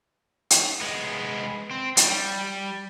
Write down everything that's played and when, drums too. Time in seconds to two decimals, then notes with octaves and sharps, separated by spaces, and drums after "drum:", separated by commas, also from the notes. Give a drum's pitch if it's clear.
0.50 drum: hi-hat
0.81 G#3 B3
1.71 C4
1.97 G3, drum: hi-hat